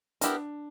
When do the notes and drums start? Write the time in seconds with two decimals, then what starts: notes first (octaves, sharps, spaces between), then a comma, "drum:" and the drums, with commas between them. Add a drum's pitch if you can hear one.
0.21 B3 D4 E4 G4 A#4, drum: hi-hat